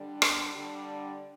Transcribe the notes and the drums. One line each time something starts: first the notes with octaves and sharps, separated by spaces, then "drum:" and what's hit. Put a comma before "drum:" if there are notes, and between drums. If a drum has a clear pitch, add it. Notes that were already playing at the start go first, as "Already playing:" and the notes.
Already playing: D3 G3 D4
drum: rim click
D3 G3 D4